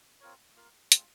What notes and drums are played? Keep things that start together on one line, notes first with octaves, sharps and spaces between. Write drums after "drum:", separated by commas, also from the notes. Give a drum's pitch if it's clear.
C4 F4 A#4 C#5
A#3 F4 A#4 F5
G#3 C4 F4, drum: hi-hat